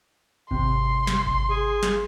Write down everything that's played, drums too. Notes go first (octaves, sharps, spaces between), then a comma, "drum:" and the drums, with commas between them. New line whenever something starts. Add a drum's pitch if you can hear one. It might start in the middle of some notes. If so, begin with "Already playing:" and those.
C3 C6, drum: kick G#1
drum: snare
drum: kick G#1
G#4
drum: snare